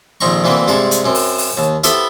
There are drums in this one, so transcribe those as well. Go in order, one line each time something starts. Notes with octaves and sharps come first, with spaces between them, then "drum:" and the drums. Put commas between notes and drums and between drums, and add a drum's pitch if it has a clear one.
A#1 F2 D#3 C4 A#5 C#6
D2 E3 A#3 C4
G2 C3 G#3 G#4 A5
drum: hi-hat
F#2 C4
drum: open hi-hat
drum: open hi-hat
D#2
B3 E4 G4 A4 C5 E5, drum: hi-hat